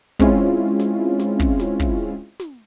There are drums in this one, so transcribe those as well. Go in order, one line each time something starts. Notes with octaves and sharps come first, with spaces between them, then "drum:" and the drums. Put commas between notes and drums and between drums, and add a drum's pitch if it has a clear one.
G#3 C4 C#4 E4 F4, drum: kick
drum: snare
drum: snare
drum: kick
drum: snare
drum: kick
drum: snare